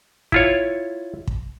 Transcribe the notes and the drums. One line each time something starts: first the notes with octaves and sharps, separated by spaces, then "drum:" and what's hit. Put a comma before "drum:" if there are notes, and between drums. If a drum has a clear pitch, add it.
E4 F4 C#5, drum: kick
drum: kick